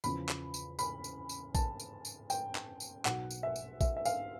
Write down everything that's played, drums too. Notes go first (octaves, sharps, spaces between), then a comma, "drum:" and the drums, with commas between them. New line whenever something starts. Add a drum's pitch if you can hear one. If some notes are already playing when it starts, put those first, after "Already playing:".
E2 C#3 F3 B5, drum: tambourine
drum: clap
drum: tambourine
B5, drum: tambourine
drum: tambourine
drum: tambourine
A5, drum: kick A#1, tambourine
drum: tambourine
drum: tambourine
G5, drum: tambourine
drum: clap
drum: tambourine
B1 B2 F#5, drum: clap
drum: tambourine
E5
drum: tambourine
E5, drum: kick A#1, tambourine
E5
F5, drum: tambourine